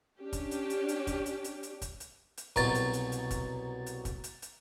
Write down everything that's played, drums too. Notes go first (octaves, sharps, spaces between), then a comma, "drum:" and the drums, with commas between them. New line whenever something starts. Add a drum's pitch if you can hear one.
C#4 D4 G4
drum: kick, hi-hat
drum: hi-hat
drum: hi-hat
drum: hi-hat
drum: kick, hi-hat
drum: hi-hat
drum: hi-hat
drum: hi-hat
drum: kick, hi-hat
drum: hi-hat
drum: hi-hat
C2 B2 F#3 A#5 A6, drum: kick, hi-hat
drum: hi-hat
drum: hi-hat
drum: hi-hat
drum: kick, hi-hat
drum: hi-hat
drum: kick, hi-hat
drum: hi-hat
drum: hi-hat